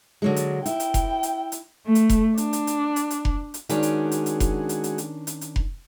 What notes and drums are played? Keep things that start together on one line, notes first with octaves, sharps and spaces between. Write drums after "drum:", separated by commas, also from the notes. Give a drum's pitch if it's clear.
D3 F#3 G#3
drum: hi-hat
E4 G5, drum: hi-hat
drum: hi-hat
drum: kick F1, hi-hat
drum: hi-hat
drum: hi-hat
A3
drum: hi-hat
drum: kick F1, hi-hat
D4, drum: hi-hat
drum: hi-hat
drum: hi-hat
drum: hi-hat
drum: hi-hat
drum: kick F1
drum: hi-hat
D#3 G#3 C#4 D4 F#4 G#4, drum: hi-hat
drum: hi-hat
drum: hi-hat
drum: hi-hat
drum: kick F1, hi-hat
drum: hi-hat
drum: hi-hat
drum: hi-hat
drum: hi-hat
drum: hi-hat
drum: kick F1